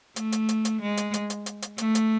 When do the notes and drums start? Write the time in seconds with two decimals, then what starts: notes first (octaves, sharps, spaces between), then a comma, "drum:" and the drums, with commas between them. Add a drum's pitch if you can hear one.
0.16 A3, drum: hi-hat
0.32 drum: hi-hat
0.49 drum: hi-hat
0.65 drum: hi-hat
0.81 G#3
0.97 drum: hi-hat
1.14 drum: hi-hat
1.30 drum: hi-hat
1.46 drum: hi-hat
1.62 drum: hi-hat
1.78 A3, drum: hi-hat
1.95 drum: hi-hat